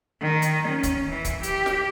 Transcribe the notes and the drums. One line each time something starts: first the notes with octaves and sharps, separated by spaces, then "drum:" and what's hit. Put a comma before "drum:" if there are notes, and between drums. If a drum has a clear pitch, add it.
D#3
drum: hi-hat
C#4
drum: kick, hi-hat
E3
drum: kick, hi-hat
G4, drum: hi-hat
drum: snare